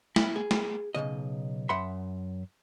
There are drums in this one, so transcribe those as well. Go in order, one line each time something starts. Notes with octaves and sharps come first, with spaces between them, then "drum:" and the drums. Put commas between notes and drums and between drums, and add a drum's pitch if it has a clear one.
E4, drum: snare
G#4
drum: snare
B1 G#2 C#3 D#5
F#2 E5 F#5 B5 C6